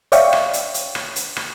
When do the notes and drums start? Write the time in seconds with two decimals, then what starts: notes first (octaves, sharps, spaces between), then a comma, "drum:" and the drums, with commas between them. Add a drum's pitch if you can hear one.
0.12 C#5 D5 E5 F5 G5 C#6, drum: hi-hat
0.33 drum: rim click
0.53 drum: hi-hat
0.74 drum: hi-hat
0.95 drum: rim click
1.16 drum: hi-hat
1.36 drum: rim click